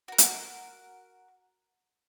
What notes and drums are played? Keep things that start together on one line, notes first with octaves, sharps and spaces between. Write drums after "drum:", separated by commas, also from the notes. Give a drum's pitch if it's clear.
F#4 A#4
drum: hi-hat